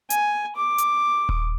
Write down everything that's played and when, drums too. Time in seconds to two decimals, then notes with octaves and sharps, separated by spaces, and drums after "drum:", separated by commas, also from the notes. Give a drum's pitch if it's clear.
0.10 G#5, drum: hi-hat
0.56 D6
0.78 drum: hi-hat
1.29 drum: kick D#1